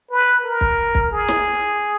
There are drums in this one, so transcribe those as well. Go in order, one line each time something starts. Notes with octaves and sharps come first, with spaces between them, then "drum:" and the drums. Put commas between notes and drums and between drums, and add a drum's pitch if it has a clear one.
B4
A#4
drum: kick
drum: kick
G#4
drum: snare